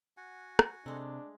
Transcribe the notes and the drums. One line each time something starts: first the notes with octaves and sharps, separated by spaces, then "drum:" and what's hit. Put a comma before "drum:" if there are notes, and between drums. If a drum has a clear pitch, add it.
F#4 F#5 G#5
drum: rim click
C3 G#3 A3 D4